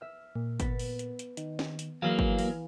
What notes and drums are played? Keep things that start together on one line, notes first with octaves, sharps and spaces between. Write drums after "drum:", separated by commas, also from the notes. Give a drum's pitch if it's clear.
E5 F6
A#2
B3 A6 B6, drum: kick, hi-hat
drum: open hi-hat
drum: hi-hat
drum: hi-hat
D#3, drum: hi-hat
drum: snare
drum: hi-hat
E3 F#3 A#3 G#4 F5
drum: kick
drum: open hi-hat